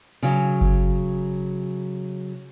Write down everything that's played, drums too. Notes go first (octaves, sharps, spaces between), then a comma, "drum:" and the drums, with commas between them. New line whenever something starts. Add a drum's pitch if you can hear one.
C#3 F#3
drum: kick G1